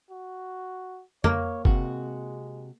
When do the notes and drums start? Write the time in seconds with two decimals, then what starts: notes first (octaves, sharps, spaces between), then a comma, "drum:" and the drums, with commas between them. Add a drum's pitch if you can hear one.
0.11 F#4
1.24 A#3 C#5, drum: tom F2
1.65 C3 G#3 F#4, drum: kick